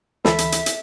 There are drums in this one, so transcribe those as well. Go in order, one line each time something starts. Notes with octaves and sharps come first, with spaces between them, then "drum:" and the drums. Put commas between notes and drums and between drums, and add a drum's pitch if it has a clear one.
D2 E3 A4 E5 B5, drum: snare
drum: hi-hat
drum: hi-hat
drum: hi-hat